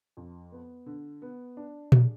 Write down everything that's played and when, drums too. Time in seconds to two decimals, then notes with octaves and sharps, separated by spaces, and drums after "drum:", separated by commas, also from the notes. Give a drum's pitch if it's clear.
0.17 F2
0.52 B3
0.86 D3
1.22 B3
1.57 D4
1.92 G#4, drum: tom A#2